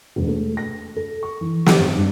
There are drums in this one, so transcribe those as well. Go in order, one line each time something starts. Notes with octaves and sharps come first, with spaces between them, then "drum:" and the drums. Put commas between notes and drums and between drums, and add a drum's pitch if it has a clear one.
E1
A3
A#6
A4
C#6
E3
drum: snare
G#1
G2